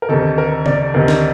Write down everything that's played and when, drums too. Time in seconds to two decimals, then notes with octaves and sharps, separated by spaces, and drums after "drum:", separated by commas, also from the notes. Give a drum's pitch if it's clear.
0.02 A#4
0.09 D2 C3 D#3 A4
0.38 A#4
0.66 D5, drum: tom C#3
0.94 D2 C3 D#3 A#4
1.08 drum: snare